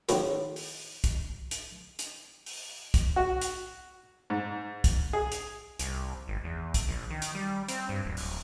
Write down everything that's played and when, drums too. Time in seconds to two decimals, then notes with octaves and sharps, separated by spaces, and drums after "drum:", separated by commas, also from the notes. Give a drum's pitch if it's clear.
0.09 A#1 A2 D#3 F4 F#4 B4, drum: hi-hat
0.56 drum: open hi-hat
1.04 drum: kick, hi-hat
1.51 drum: hi-hat
1.99 drum: hi-hat
2.46 drum: open hi-hat
2.94 drum: kick, hi-hat
3.16 F#4
3.41 drum: hi-hat
4.30 G#2
4.84 drum: kick, hi-hat
5.13 G#4
5.32 drum: hi-hat
5.79 C2, drum: hi-hat
6.28 G#1
6.44 E2
6.74 drum: kick, hi-hat
6.87 A#1
7.11 D#3
7.22 drum: hi-hat
7.35 G3
7.68 C4, drum: hi-hat
7.89 G2
8.05 D1
8.17 drum: open hi-hat